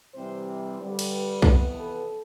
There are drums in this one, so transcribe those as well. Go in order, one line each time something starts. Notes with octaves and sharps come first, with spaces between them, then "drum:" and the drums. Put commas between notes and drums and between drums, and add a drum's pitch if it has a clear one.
C3 E3 G3 C4 C5
G2 D3 G3
drum: cymbal
B4
F2 C3 E3 B3, drum: kick
A4